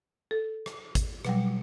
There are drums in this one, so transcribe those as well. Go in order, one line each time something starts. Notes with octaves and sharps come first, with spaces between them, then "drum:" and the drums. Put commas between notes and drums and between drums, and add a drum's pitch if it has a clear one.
A4
drum: rim click
drum: kick, hi-hat
B2 F#3 G3, drum: rim click